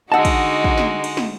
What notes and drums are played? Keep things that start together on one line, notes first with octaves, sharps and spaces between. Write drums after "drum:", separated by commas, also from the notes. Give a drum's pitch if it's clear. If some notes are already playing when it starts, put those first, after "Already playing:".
D3 G#3 D#4 F#4 D#5 F#5 A5 E6
drum: kick, cymbal
drum: kick
drum: snare
drum: cymbal
drum: snare